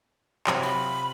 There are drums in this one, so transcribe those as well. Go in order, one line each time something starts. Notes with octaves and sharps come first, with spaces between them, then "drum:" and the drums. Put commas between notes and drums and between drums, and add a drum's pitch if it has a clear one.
C3 F#3, drum: clap
F4 B5